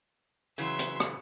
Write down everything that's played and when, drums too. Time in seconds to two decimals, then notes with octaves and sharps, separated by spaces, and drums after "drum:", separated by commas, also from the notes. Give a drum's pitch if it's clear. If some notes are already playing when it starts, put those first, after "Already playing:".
0.58 C#3 E3 F#3 E5 C6
0.79 drum: hi-hat
1.00 drum: rim click